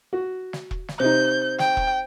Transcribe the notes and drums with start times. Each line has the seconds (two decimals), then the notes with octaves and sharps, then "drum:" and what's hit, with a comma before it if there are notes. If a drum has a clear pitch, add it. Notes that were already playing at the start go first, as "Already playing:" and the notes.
0.13 F#4
0.53 drum: snare
0.71 drum: kick E1
0.88 drum: snare
1.00 C3 D#4 C5 G6
1.59 G5, drum: snare
1.77 drum: kick E1